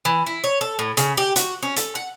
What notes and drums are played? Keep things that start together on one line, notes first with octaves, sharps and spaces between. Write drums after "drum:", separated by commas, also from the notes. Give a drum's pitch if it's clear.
E3
E4
C#5
A4
A2
C#3, drum: hi-hat
G4
F#4, drum: hi-hat
C#4
A4, drum: hi-hat
F#5